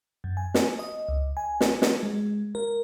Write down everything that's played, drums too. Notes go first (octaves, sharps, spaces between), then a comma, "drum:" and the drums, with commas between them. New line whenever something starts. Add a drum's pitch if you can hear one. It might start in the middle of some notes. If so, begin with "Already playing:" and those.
F#2
G#5
drum: snare
D#5
C#2
G#5
drum: snare
drum: snare
G#3
A#4